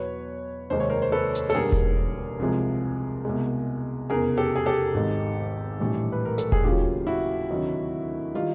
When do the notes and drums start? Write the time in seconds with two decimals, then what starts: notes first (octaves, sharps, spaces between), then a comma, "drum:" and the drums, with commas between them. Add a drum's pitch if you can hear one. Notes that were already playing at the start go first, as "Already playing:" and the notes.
Already playing: E2 B2 F#3 B4 C#5
0.69 F1 D#2 D#3 G#3 C5
0.80 C#5
0.90 A#4 C5
1.02 C5
1.12 A4 B4
1.35 drum: hi-hat
1.50 A4, drum: open hi-hat
1.55 E1 D#2 D3 G3 G#4 A#4
1.72 drum: kick E1
2.39 C2 C3 F3 G#3
3.25 C2 B2 G#3
4.10 F1 E2 C#3 G#4 A#4
4.37 G4 A4
4.56 G#4
4.66 G4 A4
4.94 G#1 G#2 D#3
5.80 A#1 A2 E3 G3
6.12 B4
6.25 A#4
6.38 A4, drum: hi-hat
6.52 G#4, drum: kick E1
6.64 D#2 C#3 F#3 F4 G4
7.07 E4 F#4
7.50 D2 C3 D#3 F#3
8.34 D#3 G3 F4